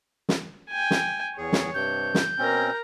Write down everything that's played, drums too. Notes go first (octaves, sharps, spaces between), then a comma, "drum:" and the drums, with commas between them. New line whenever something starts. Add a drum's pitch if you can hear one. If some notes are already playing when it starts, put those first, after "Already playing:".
drum: snare
G5 G#5
drum: snare
E2 G#4 C#5
drum: snare
G2 C3 G6
drum: snare
B2 C4 C#4 A#4 A#5